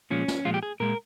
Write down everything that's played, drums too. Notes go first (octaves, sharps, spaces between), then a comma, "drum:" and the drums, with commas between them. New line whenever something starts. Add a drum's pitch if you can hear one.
A#2 F3 G#3 C#4
drum: snare
A#2 F3 G#3 F4
G4
G#4
A#2 G#3 A#4